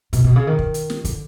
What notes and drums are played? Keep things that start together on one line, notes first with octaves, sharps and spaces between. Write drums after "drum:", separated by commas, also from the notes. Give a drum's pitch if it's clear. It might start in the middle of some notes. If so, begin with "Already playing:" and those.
B2, drum: kick, hi-hat
B2
C#3
D#3
drum: kick
drum: hi-hat
drum: snare
D3, drum: kick, hi-hat